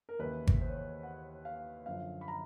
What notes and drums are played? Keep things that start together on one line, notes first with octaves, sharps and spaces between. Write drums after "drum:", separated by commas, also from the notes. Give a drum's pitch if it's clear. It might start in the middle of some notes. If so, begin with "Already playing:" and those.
A#4
D#2 C#3 E3 B4
drum: kick G#1
C5
C#5
C5
F#5
F5
F#2 D3 F3 F5
B5
A#5